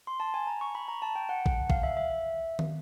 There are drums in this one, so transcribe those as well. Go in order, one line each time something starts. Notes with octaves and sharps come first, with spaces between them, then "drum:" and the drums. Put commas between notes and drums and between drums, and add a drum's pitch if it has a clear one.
C6
A5
G#5
A#5
C#6
B5
A#5
A5
G5
F#5
drum: kick A1
F5, drum: kick A1
E5
E5
drum: tom